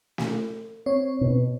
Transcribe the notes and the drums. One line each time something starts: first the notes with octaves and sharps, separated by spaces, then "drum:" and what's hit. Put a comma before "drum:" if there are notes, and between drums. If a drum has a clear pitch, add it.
drum: snare
C4 C#5
B2